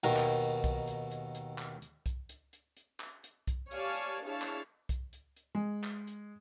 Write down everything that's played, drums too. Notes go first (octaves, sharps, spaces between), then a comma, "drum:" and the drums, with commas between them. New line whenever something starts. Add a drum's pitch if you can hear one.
D#2 B2 D#3 A#4
drum: clap
drum: hi-hat
drum: kick B1, hi-hat
drum: hi-hat
drum: hi-hat
drum: hi-hat
drum: clap
drum: hi-hat
drum: kick B1, hi-hat
drum: hi-hat
drum: hi-hat
drum: hi-hat
drum: clap
drum: hi-hat
drum: kick B1, hi-hat
G4 C#5 D5 F5 G#5 A5, drum: hi-hat
drum: hi-hat
D4 E4 G#4 C#5 F5 A5
drum: clap
drum: kick B1, hi-hat
drum: hi-hat
drum: hi-hat
G#3
drum: clap
drum: hi-hat